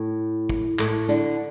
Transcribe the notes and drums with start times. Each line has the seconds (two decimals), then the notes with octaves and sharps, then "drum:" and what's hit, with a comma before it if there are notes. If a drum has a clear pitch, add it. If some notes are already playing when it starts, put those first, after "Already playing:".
Already playing: A2
0.49 drum: kick
0.79 A2 A3, drum: clap
1.08 D3 D4